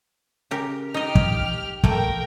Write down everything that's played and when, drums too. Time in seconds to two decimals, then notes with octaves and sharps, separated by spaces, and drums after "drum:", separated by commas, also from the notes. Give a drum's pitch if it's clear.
0.51 C#3 G4 A#4
0.94 D#4 G4 D#5 F6
1.15 drum: kick
1.84 A3 A#3 A#4 G5, drum: kick